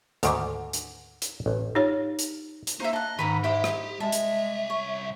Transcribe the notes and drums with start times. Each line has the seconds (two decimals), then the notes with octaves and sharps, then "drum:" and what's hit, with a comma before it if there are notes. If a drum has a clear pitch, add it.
0.23 D2 G#2 D#3 A4 F#5 D6, drum: hi-hat
0.73 drum: hi-hat
1.22 drum: hi-hat
1.46 A1
1.75 D#4 F4 G4 C#5
2.19 drum: hi-hat
2.67 drum: hi-hat
2.80 A#3 D#4 C5 E5
2.93 D#5 F#5 A5
3.19 G#2 D#3 B4 A#5 B5
3.44 E4 G4 C5 D#5
3.64 drum: rim click
4.00 C2 G#3 E5 A5
4.12 drum: hi-hat
4.70 C#5